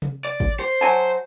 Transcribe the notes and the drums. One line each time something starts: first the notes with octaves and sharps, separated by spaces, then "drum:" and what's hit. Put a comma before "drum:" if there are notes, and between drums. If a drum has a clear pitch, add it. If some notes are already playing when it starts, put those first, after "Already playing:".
drum: tom C3
D5
drum: kick
C5
F#3 G#5 A5